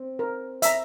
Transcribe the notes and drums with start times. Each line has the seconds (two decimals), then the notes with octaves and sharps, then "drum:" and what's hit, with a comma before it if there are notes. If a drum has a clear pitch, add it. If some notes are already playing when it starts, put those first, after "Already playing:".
Already playing: C4
0.19 A#4
0.62 E5 A#5, drum: hi-hat